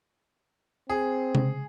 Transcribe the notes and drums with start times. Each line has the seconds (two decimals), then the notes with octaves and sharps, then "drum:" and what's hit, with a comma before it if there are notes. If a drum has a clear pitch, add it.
0.90 C4 G#4
1.35 drum: tom C3